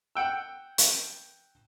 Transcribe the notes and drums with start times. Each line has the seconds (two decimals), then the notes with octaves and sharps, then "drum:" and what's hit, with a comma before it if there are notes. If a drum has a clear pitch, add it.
0.15 F#5 G5 E6
0.78 drum: hi-hat